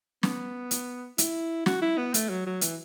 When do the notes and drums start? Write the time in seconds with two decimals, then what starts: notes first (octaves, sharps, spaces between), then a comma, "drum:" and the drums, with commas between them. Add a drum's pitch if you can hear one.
0.23 B3, drum: snare
0.71 drum: hi-hat
1.18 E4, drum: hi-hat
1.66 F#4, drum: snare
1.82 E4
1.98 B3
2.14 A3, drum: hi-hat
2.30 F#3
2.46 F#3
2.61 E3, drum: hi-hat